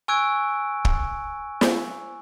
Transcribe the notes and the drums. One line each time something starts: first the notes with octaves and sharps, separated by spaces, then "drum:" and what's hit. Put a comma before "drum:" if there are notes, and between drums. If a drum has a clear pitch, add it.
G#5 C#6 E6 F#6 G#6 D7
drum: kick
drum: snare